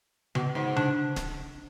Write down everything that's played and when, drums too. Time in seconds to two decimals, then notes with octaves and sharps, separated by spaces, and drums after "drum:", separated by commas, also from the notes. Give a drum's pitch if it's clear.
0.35 B2, drum: tom C#3
0.55 G#2
0.77 D4, drum: tom C#3
1.16 drum: snare